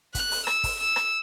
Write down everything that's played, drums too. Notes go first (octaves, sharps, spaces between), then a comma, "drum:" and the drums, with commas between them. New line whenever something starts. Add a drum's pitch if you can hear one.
F#6, drum: kick, hi-hat
drum: open hi-hat
E6, drum: rim click
drum: kick, open hi-hat
E6
drum: rim click